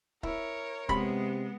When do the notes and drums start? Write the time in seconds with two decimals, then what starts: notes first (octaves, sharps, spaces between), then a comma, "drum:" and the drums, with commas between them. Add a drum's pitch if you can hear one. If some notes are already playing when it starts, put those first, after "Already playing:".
0.23 E4 A#4 C#5, drum: kick
0.89 C3 G#3 B3 B5 C6, drum: kick